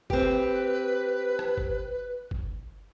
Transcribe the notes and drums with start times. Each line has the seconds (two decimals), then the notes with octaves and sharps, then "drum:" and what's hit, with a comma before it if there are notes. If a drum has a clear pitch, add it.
0.10 C4 G4 B4, drum: kick
1.39 drum: rim click
1.57 drum: kick
2.31 drum: kick